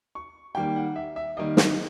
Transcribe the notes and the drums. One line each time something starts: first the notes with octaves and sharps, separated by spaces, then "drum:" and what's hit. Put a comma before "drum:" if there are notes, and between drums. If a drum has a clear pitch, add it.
C#6
D#3 G3 A#3 G5
F#5
E5
E5
D#3 G3 A#3 D#5
drum: snare